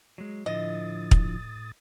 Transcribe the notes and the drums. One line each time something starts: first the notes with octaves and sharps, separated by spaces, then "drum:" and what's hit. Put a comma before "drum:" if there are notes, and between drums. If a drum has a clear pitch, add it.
F#3 G#3
A2 D3 F3 E4 D#5 D#6 A6
drum: kick